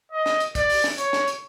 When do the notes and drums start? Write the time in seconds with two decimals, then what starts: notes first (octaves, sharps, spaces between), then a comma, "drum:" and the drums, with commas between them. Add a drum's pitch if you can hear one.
0.12 D#5
0.26 drum: snare
0.40 drum: hi-hat
0.55 D5, drum: kick, hi-hat
0.69 drum: open hi-hat
0.84 drum: snare
0.98 C#5, drum: hi-hat
1.13 drum: snare
1.28 drum: hi-hat